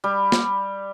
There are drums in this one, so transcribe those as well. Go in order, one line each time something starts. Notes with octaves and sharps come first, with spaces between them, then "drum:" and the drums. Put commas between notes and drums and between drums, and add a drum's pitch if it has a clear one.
G3
drum: snare